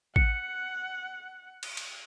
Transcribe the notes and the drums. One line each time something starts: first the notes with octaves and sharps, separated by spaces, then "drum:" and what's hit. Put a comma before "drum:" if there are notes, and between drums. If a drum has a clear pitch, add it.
F#5 C#7, drum: kick A1
drum: cymbal
drum: cymbal